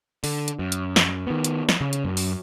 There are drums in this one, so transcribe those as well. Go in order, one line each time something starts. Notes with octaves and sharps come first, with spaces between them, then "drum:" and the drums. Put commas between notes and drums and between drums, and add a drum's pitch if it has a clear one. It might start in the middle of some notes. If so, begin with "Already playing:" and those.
D3, drum: open hi-hat
drum: hi-hat
F#2
drum: hi-hat
drum: snare
D#3 B3
drum: hi-hat
drum: snare
C#3
drum: hi-hat
F#2
drum: open hi-hat